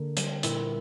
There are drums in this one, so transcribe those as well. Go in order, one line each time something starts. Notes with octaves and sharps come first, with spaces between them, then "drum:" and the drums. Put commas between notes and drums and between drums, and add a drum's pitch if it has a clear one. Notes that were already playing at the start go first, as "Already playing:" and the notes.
Already playing: D3 A#3
G3, drum: hi-hat
A#2 E4, drum: hi-hat